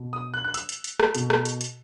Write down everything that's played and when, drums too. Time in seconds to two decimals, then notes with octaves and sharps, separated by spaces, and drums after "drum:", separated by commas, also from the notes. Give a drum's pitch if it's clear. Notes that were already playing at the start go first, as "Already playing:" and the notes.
Already playing: B2
0.13 D#6
0.34 F#6
0.44 F#6
0.54 E6, drum: hi-hat
0.69 drum: hi-hat
0.84 drum: hi-hat
1.00 drum: rim click
1.15 B2, drum: hi-hat
1.30 drum: rim click
1.45 drum: hi-hat
1.61 drum: hi-hat